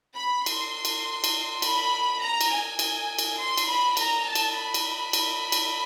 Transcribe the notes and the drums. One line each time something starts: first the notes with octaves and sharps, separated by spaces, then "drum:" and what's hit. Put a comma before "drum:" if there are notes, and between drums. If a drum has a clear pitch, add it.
B5
C6, drum: cymbal
drum: cymbal
drum: cymbal
B5, drum: cymbal
A#5
drum: cymbal
G#5
G#5, drum: cymbal
drum: cymbal
C6
drum: cymbal
B5
A#5, drum: cymbal
A5
drum: cymbal
B5
drum: cymbal
drum: cymbal
drum: cymbal